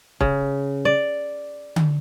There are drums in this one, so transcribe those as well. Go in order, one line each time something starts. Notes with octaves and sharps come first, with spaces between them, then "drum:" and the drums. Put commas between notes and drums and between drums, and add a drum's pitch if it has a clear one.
C#3, drum: kick C#1
D5
drum: tom D3